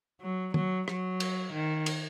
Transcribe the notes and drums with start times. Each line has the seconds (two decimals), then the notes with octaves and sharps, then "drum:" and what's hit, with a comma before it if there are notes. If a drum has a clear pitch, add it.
0.21 F#3
0.54 F#3, drum: tom
0.88 F#3, drum: rim click
1.20 drum: cymbal
1.53 D#3
1.86 drum: cymbal